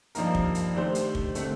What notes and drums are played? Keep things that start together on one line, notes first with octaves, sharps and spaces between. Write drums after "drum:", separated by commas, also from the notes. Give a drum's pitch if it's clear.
G2 F3 A#3 D#4 A#4, drum: hi-hat
drum: kick
drum: hi-hat
D#3 A3 D4 G4 C5
drum: hi-hat
drum: kick
D3 A3 C4, drum: hi-hat